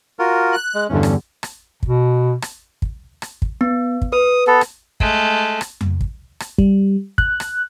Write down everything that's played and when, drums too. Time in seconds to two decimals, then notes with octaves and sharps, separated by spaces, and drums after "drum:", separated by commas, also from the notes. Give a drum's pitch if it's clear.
0.19 F4 F#4 A#4
0.52 F#6
0.75 G#3
0.89 E2 G2 D3 C#4
1.03 drum: rim click
1.43 drum: rim click
1.83 B2, drum: kick
2.42 drum: rim click
2.82 drum: kick
3.22 drum: rim click
3.42 drum: kick
3.61 B3
4.02 drum: kick
4.13 B4 D#6
4.47 B3 A4
4.61 drum: rim click
5.00 G#3 A3, drum: kick
5.61 drum: rim click
5.81 drum: tom F2
6.01 drum: kick
6.40 drum: rim click
6.58 G3, drum: kick
7.18 F#6, drum: kick
7.40 drum: rim click